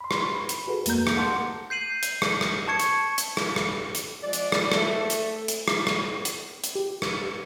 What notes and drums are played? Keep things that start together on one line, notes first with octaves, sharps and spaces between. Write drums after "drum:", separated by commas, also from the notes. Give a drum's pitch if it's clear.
B5 C6
drum: rim click
B5
drum: hi-hat
F#4 G#4 A4 B4
F2 A3 A#3 A#5 G6, drum: hi-hat
drum: rim click
F#5 A5 C6 D6
G6 C7 D#7 F#7
drum: hi-hat
drum: rim click
drum: rim click
A5 C#6 G#6 C#7
drum: hi-hat
drum: hi-hat
drum: rim click
drum: rim click
drum: hi-hat
F3 G#3 D5
drum: hi-hat
drum: rim click
A3, drum: rim click
drum: hi-hat
drum: hi-hat
drum: rim click
drum: rim click
drum: hi-hat
drum: hi-hat
G4
drum: rim click